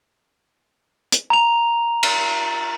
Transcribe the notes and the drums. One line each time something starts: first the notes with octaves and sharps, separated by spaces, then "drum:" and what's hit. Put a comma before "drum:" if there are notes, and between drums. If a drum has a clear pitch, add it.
drum: hi-hat
A#5 F7
drum: cymbal